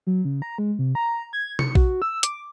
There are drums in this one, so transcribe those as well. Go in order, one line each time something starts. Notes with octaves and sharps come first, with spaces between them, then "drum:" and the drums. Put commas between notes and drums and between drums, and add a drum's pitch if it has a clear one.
F#3
C#3
A#5
G#3
C3
A#5
G#6
C#7, drum: tom C3
F#4, drum: kick A#1
E6
D6, drum: hi-hat